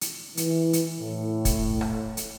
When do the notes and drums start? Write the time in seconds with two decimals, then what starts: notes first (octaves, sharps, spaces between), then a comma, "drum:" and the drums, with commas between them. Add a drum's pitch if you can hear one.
0.01 drum: hi-hat
0.37 E3, drum: hi-hat
0.73 drum: hi-hat
1.00 A2
1.45 drum: kick, hi-hat
1.81 drum: rim click
2.17 drum: hi-hat